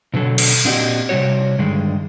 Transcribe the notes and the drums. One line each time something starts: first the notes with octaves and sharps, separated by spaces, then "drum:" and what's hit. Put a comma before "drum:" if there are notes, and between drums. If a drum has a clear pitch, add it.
B2 D3 F#3 A4
drum: cymbal
A#2 C4 D4 F#4 G4 D#5
C3 G3 A#3 F#4 C#5
G2 D3 D#3 G#3